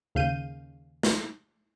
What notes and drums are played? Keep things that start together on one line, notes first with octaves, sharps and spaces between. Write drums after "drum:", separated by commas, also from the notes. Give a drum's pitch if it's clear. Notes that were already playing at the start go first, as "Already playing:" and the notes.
D#2 C#3 F5 G6 D#7
drum: snare